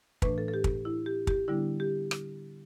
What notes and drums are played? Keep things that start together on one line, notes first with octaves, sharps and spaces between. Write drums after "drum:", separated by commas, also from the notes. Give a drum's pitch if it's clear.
A2 E3 A3 D4 B4, drum: kick
A4
A4
G4
drum: kick
E4
G4
G4, drum: kick
D3 G3 B3 D4 E4
G4
drum: rim click